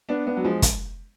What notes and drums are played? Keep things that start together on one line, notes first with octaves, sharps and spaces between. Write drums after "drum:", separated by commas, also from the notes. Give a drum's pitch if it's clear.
B3 D4
B3 D4
F#3
F3 G#3
drum: kick, hi-hat